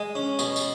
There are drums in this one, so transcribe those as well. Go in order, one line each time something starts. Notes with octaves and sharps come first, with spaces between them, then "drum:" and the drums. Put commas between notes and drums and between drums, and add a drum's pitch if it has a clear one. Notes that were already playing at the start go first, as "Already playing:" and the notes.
Already playing: G#3
C#4
B2, drum: tambourine
drum: tambourine